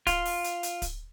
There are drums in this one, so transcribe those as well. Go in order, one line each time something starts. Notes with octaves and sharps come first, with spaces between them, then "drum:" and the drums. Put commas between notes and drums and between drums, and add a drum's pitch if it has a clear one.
F4, drum: kick, hi-hat
drum: open hi-hat
drum: hi-hat
drum: hi-hat
drum: kick, hi-hat